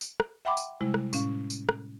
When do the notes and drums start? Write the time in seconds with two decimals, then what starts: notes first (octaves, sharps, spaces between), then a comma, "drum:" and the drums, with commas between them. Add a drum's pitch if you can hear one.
0.01 drum: tambourine
0.20 drum: rim click
0.45 E5 F#5 G5 B5 C6 D6
0.57 drum: tambourine
0.81 C3 G3 G#3 E4
0.94 drum: rim click
1.13 A2 C#4 F5, drum: tambourine
1.50 drum: tambourine
1.69 drum: rim click